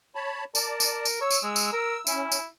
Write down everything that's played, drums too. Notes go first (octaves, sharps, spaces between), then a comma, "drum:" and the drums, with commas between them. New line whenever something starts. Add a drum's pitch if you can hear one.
C#5 A5 B5
A#4 D5 A5, drum: tambourine
drum: tambourine
drum: tambourine
C#5 E6
drum: tambourine
G#3
drum: tambourine
A#4
C#4 E4, drum: tambourine
drum: tambourine